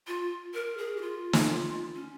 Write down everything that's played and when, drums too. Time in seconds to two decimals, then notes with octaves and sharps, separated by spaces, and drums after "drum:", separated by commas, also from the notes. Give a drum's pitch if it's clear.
0.07 F4
0.54 A#4
0.78 G#4
0.97 G4
1.01 F4
1.33 drum: snare
1.95 C#4